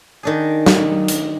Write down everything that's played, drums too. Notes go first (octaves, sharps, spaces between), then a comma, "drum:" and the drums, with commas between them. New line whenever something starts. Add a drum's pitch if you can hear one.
D#3 D4 G#4
drum: snare
drum: hi-hat